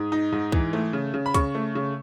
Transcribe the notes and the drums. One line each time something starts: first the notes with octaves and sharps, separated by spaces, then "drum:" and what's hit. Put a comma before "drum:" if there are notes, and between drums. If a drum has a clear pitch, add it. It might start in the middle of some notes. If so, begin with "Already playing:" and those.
Already playing: G#2 D#6
D#4
G#2
E3, drum: kick
A3
C#3
C#3
B5
C#3 C#6, drum: kick, hi-hat
A3
C#3